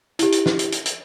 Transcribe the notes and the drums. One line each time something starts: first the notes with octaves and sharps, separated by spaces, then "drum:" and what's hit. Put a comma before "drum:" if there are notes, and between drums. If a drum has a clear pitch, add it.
E4 G4, drum: hi-hat
drum: hi-hat
drum: snare
drum: hi-hat
drum: hi-hat
drum: hi-hat